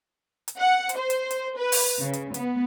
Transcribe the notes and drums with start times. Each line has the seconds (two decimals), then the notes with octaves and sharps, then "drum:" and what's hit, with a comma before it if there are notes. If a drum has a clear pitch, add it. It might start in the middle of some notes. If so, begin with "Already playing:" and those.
0.48 drum: hi-hat
0.60 F#5
0.89 drum: hi-hat
0.98 C5
1.10 drum: hi-hat
1.31 drum: hi-hat
1.58 B4
1.72 drum: open hi-hat
2.01 C#3
2.13 drum: hi-hat
2.34 B3, drum: hi-hat